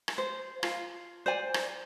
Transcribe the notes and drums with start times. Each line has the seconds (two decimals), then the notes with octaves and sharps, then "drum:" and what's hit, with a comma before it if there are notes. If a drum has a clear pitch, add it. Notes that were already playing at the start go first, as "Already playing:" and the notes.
0.08 drum: rim click
0.18 C5
0.63 F4, drum: rim click
1.26 C5 D5 G#5
1.54 drum: rim click